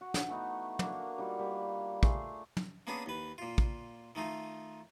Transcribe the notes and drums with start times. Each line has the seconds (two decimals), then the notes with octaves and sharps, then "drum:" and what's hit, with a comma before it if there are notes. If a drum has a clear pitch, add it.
0.01 F#4
0.14 drum: snare
0.28 E3 A3 B3 D#4
0.79 A#3 D4 F#4 A#4, drum: tom
1.18 G3 D#4 F4 F#4
1.39 G3 A#3 B4
2.03 A3 G#4 D5 C6, drum: kick
2.57 drum: tom
2.87 A#3 B3 C#4 D4 G#4
3.06 D#2 B4
3.38 A#2 F4
3.58 drum: kick
4.15 D#3 A3 D#4 F4